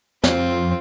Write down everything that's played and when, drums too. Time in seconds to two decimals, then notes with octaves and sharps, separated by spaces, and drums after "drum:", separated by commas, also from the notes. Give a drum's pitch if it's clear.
0.24 F2 C4 F4, drum: snare